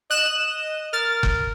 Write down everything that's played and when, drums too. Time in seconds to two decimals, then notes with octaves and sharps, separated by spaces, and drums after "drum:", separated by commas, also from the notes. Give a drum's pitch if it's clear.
0.11 D#5 F#6 E7
0.93 A#4 F6 A6
1.23 drum: kick F#1